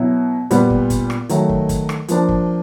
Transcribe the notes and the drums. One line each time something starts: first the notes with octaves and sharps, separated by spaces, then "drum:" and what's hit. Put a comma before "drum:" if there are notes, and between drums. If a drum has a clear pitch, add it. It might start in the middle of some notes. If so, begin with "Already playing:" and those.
Already playing: B2 F#3 B3 E4
A#2 G3 B3, drum: hi-hat
drum: kick
drum: kick, hi-hat
drum: rim click
D#3 F#3 A3, drum: hi-hat
drum: kick
drum: kick, hi-hat
drum: rim click
F3 A#3 D4, drum: hi-hat
drum: kick